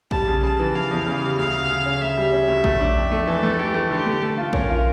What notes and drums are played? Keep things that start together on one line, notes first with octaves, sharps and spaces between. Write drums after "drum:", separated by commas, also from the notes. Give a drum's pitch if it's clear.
G3 A5, drum: kick A#1
C#3
C#3 A5
E3
E3 F5
E2
C#3
G3
D2 F5
C#3
C#3
C#4
D2 E5
G3
C#4
D2
A3, drum: kick A#1
D4
F2
A3
E3 A4
A3
E3 G4
A3
D3 G4
A3
A3 A4
F4
C#4 A#4, drum: kick A#1
F4